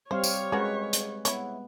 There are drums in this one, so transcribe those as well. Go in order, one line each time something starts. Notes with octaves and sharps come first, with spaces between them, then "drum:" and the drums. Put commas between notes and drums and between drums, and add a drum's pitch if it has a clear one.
G3 C4 C5 C#5 F5
drum: tambourine
G#3 C#4 F#4 G#4 A#4 B4
drum: hi-hat
B3 E4 C#5, drum: hi-hat